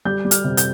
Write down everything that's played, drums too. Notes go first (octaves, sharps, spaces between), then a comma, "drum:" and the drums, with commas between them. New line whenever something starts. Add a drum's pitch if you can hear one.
G3 G6
G3
F6, drum: hi-hat
C3
G6, drum: hi-hat